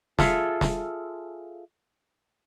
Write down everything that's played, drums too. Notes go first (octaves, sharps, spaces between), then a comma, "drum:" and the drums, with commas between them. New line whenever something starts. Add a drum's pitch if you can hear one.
F4 G#4 A4 E5 F5, drum: snare
drum: snare